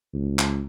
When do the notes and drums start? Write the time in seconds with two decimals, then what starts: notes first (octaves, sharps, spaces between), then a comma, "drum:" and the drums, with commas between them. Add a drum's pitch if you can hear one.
0.13 C#2
0.39 drum: clap